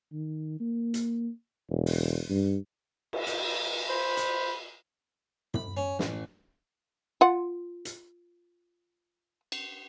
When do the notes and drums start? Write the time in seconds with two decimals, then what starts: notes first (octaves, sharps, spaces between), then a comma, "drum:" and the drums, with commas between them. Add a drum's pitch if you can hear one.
0.13 D#3
0.60 A#3
0.94 drum: hi-hat
1.70 E1
1.86 drum: open hi-hat
2.29 G2
3.13 drum: cymbal
3.27 drum: hi-hat
3.89 C5 B5
4.17 drum: hi-hat
5.54 B5, drum: tom
5.77 C#4
5.99 A1, drum: snare
7.21 F4 F#5
7.85 drum: hi-hat
9.52 drum: cymbal